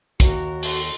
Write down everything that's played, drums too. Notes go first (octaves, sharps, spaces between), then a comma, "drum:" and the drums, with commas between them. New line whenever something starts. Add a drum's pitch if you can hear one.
D#2 F#4 A#4, drum: kick, hi-hat
A4 C6, drum: open hi-hat